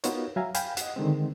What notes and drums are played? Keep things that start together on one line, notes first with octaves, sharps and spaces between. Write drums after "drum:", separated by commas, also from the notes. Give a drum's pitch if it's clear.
B3 D#4 F4 F#4 A#4 C#5, drum: hi-hat
F#3 E5 F5 G#5 A#5
F5 G5 G#5 B5, drum: hi-hat
D#5 F#5, drum: hi-hat
D3 D#3 G#3 C4